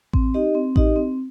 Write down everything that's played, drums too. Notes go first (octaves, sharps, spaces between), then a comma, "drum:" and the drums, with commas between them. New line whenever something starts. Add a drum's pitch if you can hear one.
C4, drum: kick A1
D#4 G4 D#5
C4
D#4 G4 D#5, drum: kick A1
C4